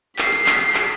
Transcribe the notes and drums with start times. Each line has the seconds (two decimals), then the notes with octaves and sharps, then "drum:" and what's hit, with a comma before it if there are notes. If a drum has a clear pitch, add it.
0.18 B6 C7, drum: clap
0.32 drum: hi-hat
0.46 drum: clap
0.60 drum: hi-hat
0.74 drum: clap